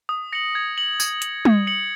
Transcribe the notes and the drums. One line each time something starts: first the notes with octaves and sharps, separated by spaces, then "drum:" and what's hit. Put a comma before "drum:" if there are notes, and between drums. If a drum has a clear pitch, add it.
D#6
A#6 C#7 F#7
G#6
F#7
G#6, drum: tambourine
F#7, drum: hi-hat
G#6, drum: tom
C#7 F#7